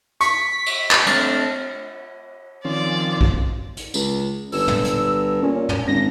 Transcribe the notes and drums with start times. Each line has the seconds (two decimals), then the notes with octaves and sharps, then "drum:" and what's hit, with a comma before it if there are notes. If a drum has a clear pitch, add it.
0.21 C#6 B6, drum: hi-hat
0.66 drum: cymbal
0.91 drum: clap
1.07 A3 C4 D4 F6, drum: cymbal
2.65 D#3 F3 C4 C#4 D5
3.21 drum: kick A#1
3.77 drum: hi-hat
3.94 C#2, drum: tambourine
4.52 G1 E6, drum: open hi-hat
4.68 drum: tom
4.85 drum: hi-hat
5.42 A#2 C#4
5.69 drum: tom
5.88 G#1 A#6